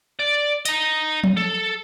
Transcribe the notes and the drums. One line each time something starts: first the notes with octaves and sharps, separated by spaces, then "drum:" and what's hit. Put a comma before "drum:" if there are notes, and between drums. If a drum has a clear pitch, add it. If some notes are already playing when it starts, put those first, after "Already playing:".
D5
D#5 A#5, drum: hi-hat
drum: tom F3
A4